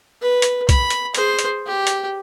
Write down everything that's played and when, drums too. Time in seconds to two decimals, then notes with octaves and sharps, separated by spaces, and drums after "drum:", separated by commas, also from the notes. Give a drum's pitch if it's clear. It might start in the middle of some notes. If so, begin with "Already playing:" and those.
0.22 B4
0.42 drum: hi-hat
0.69 B5, drum: kick B1, hi-hat
0.90 drum: hi-hat
1.15 G#4 C5, drum: hi-hat
1.39 drum: hi-hat
1.66 G4
1.87 drum: hi-hat